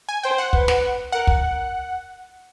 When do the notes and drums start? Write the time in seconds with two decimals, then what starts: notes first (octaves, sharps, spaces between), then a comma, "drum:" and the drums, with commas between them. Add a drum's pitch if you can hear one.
0.09 G#5
0.23 C5 G5
0.38 F#5
0.53 B4, drum: kick
0.68 drum: snare
1.12 A#4 F#5
1.28 drum: kick